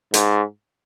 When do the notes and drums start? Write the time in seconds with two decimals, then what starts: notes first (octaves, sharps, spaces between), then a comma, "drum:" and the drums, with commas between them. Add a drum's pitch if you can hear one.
0.14 G#2, drum: hi-hat